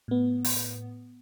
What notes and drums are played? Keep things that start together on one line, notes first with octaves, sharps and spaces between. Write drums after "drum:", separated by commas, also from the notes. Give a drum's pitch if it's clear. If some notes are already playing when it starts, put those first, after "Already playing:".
A2 B3
drum: open hi-hat